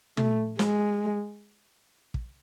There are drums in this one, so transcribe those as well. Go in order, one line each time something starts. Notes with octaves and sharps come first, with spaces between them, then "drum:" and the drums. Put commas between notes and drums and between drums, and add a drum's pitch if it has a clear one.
A3, drum: tom
G#3, drum: snare
drum: kick